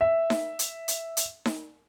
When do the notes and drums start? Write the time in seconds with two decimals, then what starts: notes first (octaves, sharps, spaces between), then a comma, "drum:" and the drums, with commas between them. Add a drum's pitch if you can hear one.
0.01 E5
0.30 drum: snare D#4
0.59 drum: hi-hat
0.88 drum: hi-hat
1.17 drum: hi-hat
1.46 drum: snare D#4